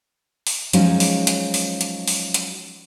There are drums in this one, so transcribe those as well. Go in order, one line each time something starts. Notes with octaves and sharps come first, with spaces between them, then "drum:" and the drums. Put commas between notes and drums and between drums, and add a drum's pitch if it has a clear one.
drum: open hi-hat
F3 F#3 G#3 C#4 D#4, drum: hi-hat
drum: open hi-hat
drum: hi-hat
drum: open hi-hat
drum: hi-hat
drum: open hi-hat
drum: hi-hat